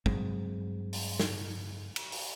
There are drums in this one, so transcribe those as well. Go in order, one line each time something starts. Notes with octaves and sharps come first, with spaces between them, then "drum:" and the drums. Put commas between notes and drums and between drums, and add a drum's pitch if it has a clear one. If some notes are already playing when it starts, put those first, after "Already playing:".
G2 F#3 G#3 C4, drum: kick
drum: open hi-hat
drum: snare
drum: cymbal
drum: open hi-hat